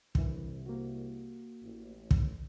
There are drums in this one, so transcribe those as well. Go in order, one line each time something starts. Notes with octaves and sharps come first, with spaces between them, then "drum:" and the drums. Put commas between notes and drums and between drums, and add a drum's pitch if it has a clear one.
C2 D3 E3, drum: kick
A#3 F#4
A1
drum: kick